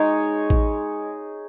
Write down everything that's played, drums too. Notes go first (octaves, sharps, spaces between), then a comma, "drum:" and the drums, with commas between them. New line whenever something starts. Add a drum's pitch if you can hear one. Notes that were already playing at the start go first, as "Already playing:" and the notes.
Already playing: G#3 D#4 G#4 C#5
drum: kick A1